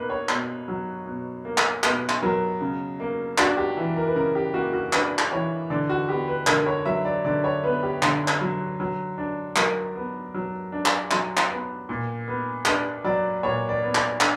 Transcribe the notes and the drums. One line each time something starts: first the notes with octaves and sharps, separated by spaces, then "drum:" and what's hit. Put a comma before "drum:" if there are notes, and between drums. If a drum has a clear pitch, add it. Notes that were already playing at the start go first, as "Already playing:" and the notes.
Already playing: B2 A#3 B4
C#5
B2, drum: clap
F#3
B2
A#3
drum: clap
B2 B4, drum: clap
drum: clap
F#3 A#4
C#3
A#3
D4 F#4, drum: clap
G4
E3
A#4
B4
C#3 A#4
G4
A#3 F#4
F#4
D4 B4, drum: clap
drum: clap
E3 C#5
D3 D5
F#4
B3 G4
B4
D3 A#4, drum: clap
C#5
F#3 E5
D5
D3 D5
C#5
B3 B4
G4
D3, drum: clap
drum: clap
F#3
F#3
D4
F#3 A#4, drum: clap
B3
F#3
D4
drum: clap
F#3, drum: clap
drum: clap
B3
A#2
B3
D4 B4, drum: clap
F#3 D5
A#2 C#5
D5
B3
D5, drum: clap
D4, drum: clap